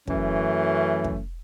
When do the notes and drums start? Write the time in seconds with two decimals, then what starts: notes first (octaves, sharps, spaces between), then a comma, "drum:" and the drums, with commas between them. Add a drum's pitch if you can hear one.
0.07 F#2 E3 A3 C#4, drum: kick
1.04 drum: kick